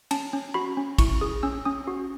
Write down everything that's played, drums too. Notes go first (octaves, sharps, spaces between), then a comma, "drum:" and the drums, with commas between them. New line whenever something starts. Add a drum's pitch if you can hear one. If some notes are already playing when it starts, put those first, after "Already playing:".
C#4 A5, drum: cymbal
C#4
F#4 B5
C#4
E4 C#6, drum: kick, cymbal
G#4 D#6
C#4 E6
C#4 D#6
F#4